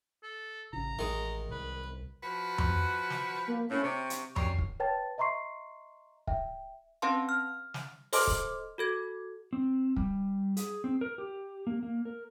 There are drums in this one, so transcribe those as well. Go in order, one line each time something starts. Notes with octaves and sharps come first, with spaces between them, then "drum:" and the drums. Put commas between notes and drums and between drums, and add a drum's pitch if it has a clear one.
A4
A1 C#3 A#5
A1 D#3 G#3
C2 B4
F3 F#4 B4
drum: tom F2
drum: snare
A#3
A2 C#4
C3 C#6
drum: hi-hat
F#2 G3 C#5 C7, drum: tom F2
drum: kick
B4 C#5 G5 A5 A6
D#5 E5 A#5 C6 C#6 C7
E5 G5, drum: kick
C4 C#4 B4 F5 A5 C6
F6
drum: snare
A4 C5 D#5 C6 D6 F6, drum: open hi-hat
drum: kick
F#4 A4 G#6
C4
G3, drum: kick
G#4, drum: hi-hat
C4
A#4
G4
A#3
A#3
A#4